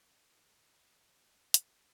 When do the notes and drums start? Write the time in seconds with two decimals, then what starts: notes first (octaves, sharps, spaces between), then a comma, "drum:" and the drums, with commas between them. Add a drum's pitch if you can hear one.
0.16 G#2 F#3 D#4 F4 D#5
0.81 C#4 D#4 E4
1.54 A1 D2 D#3 D#5, drum: hi-hat